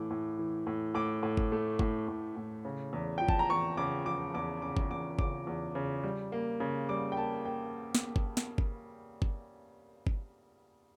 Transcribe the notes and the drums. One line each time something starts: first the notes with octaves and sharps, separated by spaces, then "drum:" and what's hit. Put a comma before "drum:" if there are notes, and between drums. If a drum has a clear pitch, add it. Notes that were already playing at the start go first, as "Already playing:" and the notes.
Already playing: A2 E3 A3 D6
A2
E3
A2
A2 D6
A2
drum: kick G1
A3
A2, drum: kick G1
A2
A2
C#3
E2
F3 G5
A5, drum: kick G1
A#5
E2 C#6
C#3 D6
F3 D6
E2 D6
C#3 D6
drum: kick G1
E2 D6
C#3 D6, drum: kick G1
E2
C#3
G3
A#3
C#3
G3 D6
G5
A#3 A5
A#3 G5
drum: snare
drum: kick G1
drum: snare
drum: kick G1
drum: kick G1
drum: kick G1